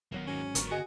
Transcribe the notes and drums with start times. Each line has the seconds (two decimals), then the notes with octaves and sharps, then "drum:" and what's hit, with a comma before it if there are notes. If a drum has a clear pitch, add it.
0.12 E1 D#2 F#3 A#3 B3
0.27 G#1 G#2 F#3 C#4
0.55 G1 D3 B3 A#4 C#6, drum: hi-hat
0.71 F#4 G#4 D#5 G#5